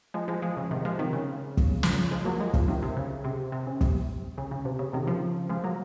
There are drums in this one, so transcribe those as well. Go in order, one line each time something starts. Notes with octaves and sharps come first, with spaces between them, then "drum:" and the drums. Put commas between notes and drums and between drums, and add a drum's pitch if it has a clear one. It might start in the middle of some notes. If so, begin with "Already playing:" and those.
F3 G#3
F3 G#3
F3 G#3
C#3
C3 D#3
F3 G#3
C3 D#3
C#3
drum: kick
C#3 F3, drum: snare
F3 G#3
F#3 A#3
F3 G#3
C#3 F3, drum: kick
C3 D#3
C3
C#3
C3
C3
C#3
C3, drum: kick
C#3
C#3
C3
C#3
C3 D#3
C#3 F3
F3 G#3
F#3 A#3